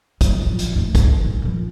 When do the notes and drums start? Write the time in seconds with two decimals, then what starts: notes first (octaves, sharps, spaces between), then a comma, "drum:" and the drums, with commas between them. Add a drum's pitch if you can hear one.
0.21 F#3, drum: kick, hi-hat
0.41 A1 F3
0.59 drum: hi-hat
0.73 D#2 A2
0.95 G#1 C#2, drum: kick, hi-hat
1.24 A#1 C#4
1.42 A#2 F3